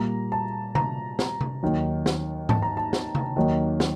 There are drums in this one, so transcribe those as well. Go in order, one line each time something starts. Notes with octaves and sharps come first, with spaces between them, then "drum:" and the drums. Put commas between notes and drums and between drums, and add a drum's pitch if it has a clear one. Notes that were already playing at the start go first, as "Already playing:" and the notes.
Already playing: A#2 G3 A#3 A#5
A5
A#5, drum: tom C3
drum: snare
drum: tom C3
D#2 D#3 F#3
drum: snare
A5, drum: tom G#2
A#5
A5
drum: snare
drum: tom C3
D#2 D#3 F#3 A#3
drum: snare